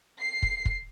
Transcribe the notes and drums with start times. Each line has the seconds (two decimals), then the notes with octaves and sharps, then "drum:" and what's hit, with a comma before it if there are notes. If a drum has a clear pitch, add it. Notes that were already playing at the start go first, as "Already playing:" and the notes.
0.19 C7
0.42 drum: kick
0.65 drum: kick